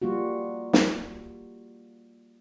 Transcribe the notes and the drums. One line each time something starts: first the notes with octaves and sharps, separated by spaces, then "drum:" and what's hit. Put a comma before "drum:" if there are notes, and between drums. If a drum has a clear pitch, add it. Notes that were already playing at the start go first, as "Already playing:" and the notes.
G3 A#3 F4 F#4
drum: snare